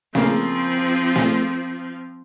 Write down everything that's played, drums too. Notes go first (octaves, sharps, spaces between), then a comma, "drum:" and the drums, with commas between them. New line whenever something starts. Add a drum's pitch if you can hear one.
C#3 F3 A#3 C4, drum: snare
drum: snare